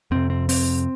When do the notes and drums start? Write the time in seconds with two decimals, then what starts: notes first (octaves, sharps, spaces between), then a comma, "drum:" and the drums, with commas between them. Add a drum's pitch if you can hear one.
0.11 F2 C3 C4
0.30 C4
0.49 C4, drum: open hi-hat